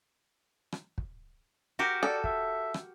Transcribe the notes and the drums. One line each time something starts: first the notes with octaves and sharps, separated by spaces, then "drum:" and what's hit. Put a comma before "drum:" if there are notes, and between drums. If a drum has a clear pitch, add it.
drum: rim click
drum: kick
F#4 G4 A#4
A4 D5
E5, drum: kick
drum: rim click